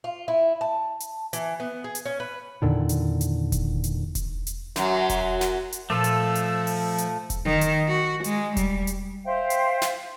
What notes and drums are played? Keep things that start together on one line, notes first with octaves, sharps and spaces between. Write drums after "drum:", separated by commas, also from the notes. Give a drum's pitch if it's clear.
F4
E4
A5
drum: hi-hat
E3, drum: hi-hat
B3
G#4
drum: hi-hat
C#4
B4
E2 A#2 D3 D#3
drum: hi-hat
drum: hi-hat
drum: kick E1, hi-hat
drum: hi-hat
drum: kick E1, hi-hat
drum: hi-hat
F#2 F#3, drum: snare
drum: kick E1, hi-hat
drum: snare
drum: hi-hat
A#2 F3 A3 F4 A4 E6
drum: hi-hat
drum: hi-hat
drum: open hi-hat
drum: hi-hat
drum: kick E1, hi-hat
D#3
drum: hi-hat
F#4
G#3, drum: hi-hat
G3, drum: kick E1, hi-hat
drum: hi-hat
C5 E5 F5 G5
drum: hi-hat
drum: snare